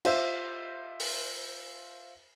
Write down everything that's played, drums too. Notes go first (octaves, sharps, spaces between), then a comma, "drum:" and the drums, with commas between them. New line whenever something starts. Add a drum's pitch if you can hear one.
F4 C5 E5, drum: cymbal
drum: open hi-hat